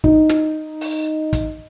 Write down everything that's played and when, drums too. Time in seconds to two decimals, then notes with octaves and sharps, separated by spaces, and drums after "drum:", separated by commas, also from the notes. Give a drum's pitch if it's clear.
0.04 D#4, drum: kick
0.29 drum: snare
0.81 drum: open hi-hat
1.33 drum: kick, hi-hat